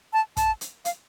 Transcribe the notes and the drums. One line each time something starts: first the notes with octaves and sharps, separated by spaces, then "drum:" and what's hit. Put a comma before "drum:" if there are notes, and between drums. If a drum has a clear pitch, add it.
A5
A5, drum: kick, hi-hat
drum: hi-hat
F5, drum: hi-hat